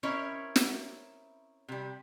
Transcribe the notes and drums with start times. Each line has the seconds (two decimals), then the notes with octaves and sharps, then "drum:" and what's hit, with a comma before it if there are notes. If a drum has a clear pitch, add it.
0.03 C4 C#4 E4 A#4 C#5 D#5
0.56 drum: snare
1.68 C3 G3